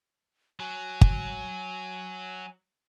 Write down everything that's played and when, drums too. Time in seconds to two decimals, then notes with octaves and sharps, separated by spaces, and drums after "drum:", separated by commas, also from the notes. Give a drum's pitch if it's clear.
0.60 F#3 G#5
1.01 drum: kick